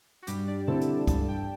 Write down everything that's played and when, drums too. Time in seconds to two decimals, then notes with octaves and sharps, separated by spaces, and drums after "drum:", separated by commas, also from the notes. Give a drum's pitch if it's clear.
0.22 F#4
0.27 G2 G3 G4, drum: hi-hat
0.48 D4 D5
0.67 D3 A3 C4 E4 A4 A5
0.81 drum: hi-hat
1.07 G2 A4 A5, drum: kick, hi-hat
1.29 G4 G5